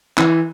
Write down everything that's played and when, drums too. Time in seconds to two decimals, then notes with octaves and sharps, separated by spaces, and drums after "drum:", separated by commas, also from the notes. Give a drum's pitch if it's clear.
0.17 E3, drum: clap